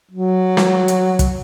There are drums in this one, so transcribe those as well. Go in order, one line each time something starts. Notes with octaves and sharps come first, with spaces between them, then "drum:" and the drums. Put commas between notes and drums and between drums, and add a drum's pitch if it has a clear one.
F#3
drum: snare
drum: hi-hat
drum: kick, hi-hat